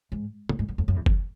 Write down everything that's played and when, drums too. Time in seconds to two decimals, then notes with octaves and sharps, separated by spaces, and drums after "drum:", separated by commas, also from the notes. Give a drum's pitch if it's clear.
0.12 G#2
0.49 A2, drum: tom
0.59 G#2
0.68 G2
0.78 F2
0.88 F#2
0.96 E2
1.06 F2, drum: kick F#1